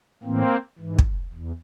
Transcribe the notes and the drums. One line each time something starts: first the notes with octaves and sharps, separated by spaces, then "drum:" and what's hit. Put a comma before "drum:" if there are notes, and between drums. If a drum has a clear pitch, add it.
A2 E3 A#3 C4
G#2 E3
drum: kick
E2